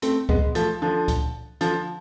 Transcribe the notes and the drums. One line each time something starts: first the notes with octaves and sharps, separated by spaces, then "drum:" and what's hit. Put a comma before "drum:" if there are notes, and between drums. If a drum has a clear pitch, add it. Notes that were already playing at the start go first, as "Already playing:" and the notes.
A3 C4, drum: hi-hat
G#3 B3, drum: kick C#2
F3 A3, drum: hi-hat
D3 F3
drum: kick C#2, hi-hat
D3 F3, drum: hi-hat